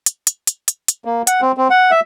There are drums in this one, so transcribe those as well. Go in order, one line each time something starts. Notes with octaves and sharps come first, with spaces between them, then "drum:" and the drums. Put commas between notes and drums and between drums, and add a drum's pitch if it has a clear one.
drum: hi-hat
drum: hi-hat
drum: hi-hat
drum: hi-hat
drum: hi-hat
A#3
F#5, drum: hi-hat
C4
C4
F#5
E5